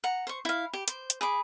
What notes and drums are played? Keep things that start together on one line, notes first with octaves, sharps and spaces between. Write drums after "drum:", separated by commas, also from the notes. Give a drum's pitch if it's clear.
F#5 A#5
C5 C#6
E4 F5
G4
C5, drum: hi-hat
drum: hi-hat
G#4 B5 D6